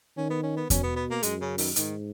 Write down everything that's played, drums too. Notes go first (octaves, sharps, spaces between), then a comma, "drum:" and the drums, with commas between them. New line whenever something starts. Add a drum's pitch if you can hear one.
D#3 C#4
B3
C#4
B3
B2 C#4, drum: kick E2, hi-hat
B3
B3
A#3
F#2 G#3, drum: hi-hat
C#3
D#3, drum: open hi-hat
G#2 D#3, drum: hi-hat